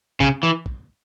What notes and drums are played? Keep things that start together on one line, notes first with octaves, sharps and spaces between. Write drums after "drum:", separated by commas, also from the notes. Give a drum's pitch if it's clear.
C#3, drum: kick
E3
drum: kick